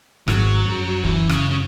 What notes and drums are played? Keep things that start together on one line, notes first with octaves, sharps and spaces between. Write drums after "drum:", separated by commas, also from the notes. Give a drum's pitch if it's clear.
G#1 G#2 F#3, drum: rim click
F#2
E3, drum: kick
C#3, drum: rim click
C#3